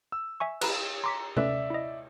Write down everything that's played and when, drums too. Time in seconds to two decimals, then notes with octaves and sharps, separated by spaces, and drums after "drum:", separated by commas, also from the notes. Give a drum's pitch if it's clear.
0.12 E6
0.40 E5 G#5 C#6
0.61 B4 A#5 B5, drum: cymbal
1.04 A#5 C6 D6 B6
1.37 C#4 A4 B4 D5 E5, drum: tom C3
1.70 E4 D#5